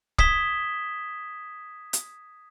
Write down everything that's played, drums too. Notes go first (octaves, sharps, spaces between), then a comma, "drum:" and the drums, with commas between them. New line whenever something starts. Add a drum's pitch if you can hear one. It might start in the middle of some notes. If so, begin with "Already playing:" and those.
D#6 G#6 B6 E7 G7, drum: kick
drum: hi-hat